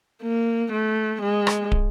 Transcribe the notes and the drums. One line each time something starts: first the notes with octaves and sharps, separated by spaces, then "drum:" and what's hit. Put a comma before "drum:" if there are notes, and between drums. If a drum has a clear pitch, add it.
A#3
A3
G#3
drum: rim click
drum: kick